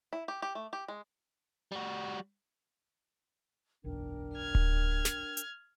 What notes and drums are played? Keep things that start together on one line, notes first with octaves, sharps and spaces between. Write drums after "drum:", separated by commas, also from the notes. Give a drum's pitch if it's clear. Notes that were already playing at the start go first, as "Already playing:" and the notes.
E4
G4
G4
A3
G4
G#3
G3 F#4
F#1 B1 E2 D4 A#4 G5
F6 G#6
drum: kick D1
drum: snare
drum: hi-hat